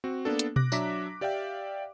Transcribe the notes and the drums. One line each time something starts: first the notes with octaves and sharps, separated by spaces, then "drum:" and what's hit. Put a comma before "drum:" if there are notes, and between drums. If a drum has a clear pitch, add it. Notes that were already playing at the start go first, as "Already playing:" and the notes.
C4 F#4
A#3 B3 D4 A4
drum: hi-hat
D6 F#6 A#6, drum: tom B2
F#3 D4 E5 A#5 D6 B6, drum: tambourine
G4 D5 E5 F5 G5